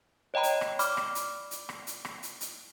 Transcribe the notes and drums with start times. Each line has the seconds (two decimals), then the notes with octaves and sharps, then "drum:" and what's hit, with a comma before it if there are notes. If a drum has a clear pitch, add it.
0.34 C#5 D#5 G5 A#5 B5
0.43 drum: hi-hat
0.61 drum: rim click
0.79 D5 B5 D6 F6, drum: hi-hat
0.97 drum: rim click
1.15 drum: hi-hat
1.51 drum: hi-hat
1.69 drum: rim click
1.87 drum: hi-hat
2.05 drum: rim click
2.23 drum: hi-hat
2.41 drum: hi-hat